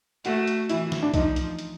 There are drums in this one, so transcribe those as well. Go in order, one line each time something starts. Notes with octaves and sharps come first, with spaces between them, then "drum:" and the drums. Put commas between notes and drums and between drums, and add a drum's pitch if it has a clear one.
A3 F#4, drum: hi-hat
drum: hi-hat
E3 E4, drum: hi-hat
drum: snare
D4
F3 D#4, drum: kick, hi-hat
drum: hi-hat
drum: hi-hat